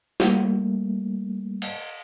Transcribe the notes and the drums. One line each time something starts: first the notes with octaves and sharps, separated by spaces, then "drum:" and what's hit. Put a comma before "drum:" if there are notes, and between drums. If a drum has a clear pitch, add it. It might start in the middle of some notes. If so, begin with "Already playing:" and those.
G3 A3 A#3, drum: snare
drum: cymbal